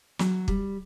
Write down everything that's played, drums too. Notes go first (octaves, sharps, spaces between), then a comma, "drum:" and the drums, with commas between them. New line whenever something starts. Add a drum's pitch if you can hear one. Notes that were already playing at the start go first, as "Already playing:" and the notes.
F#3, drum: snare
G3, drum: kick